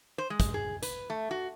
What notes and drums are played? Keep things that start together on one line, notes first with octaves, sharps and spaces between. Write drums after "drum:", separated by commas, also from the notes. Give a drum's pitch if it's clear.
C5
G#3
drum: kick, hi-hat
G#4
B4, drum: hi-hat
A3
F#4